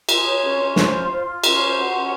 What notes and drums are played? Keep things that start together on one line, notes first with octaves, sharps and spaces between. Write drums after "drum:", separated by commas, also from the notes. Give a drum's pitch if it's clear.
G#4 C6, drum: cymbal
C#5
C#4
C#4
C5, drum: snare
F4
F4
F4
C#4 C6, drum: cymbal
C5
F#4
C#4